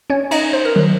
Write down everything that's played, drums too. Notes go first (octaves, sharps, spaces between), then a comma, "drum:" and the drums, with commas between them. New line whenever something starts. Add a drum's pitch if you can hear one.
C#4 C#5
D#4 D#5, drum: cymbal
C5
A#4
D#3 F#3